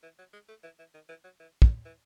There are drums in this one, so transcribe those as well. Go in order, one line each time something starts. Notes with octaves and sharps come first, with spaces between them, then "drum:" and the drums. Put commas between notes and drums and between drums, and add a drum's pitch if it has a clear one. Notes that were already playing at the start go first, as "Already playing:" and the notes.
E3
F#3
G#3
A3
E3
E3
D#3
E3
F#3
E3
D#3, drum: kick
E3